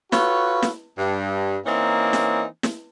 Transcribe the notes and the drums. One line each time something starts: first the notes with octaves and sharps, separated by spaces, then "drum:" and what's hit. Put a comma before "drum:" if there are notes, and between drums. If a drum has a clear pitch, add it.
F4 F#4 A4 B4 C#5, drum: snare
drum: snare
G2
E3 A#3 C4 C#4 D#4
drum: snare
drum: snare